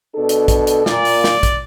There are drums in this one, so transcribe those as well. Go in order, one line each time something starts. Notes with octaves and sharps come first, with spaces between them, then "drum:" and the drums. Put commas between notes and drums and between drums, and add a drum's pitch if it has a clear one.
B2 D4 A4
drum: hi-hat
drum: kick, hi-hat
drum: hi-hat
A#2 D5, drum: snare
drum: open hi-hat
drum: snare
drum: kick, hi-hat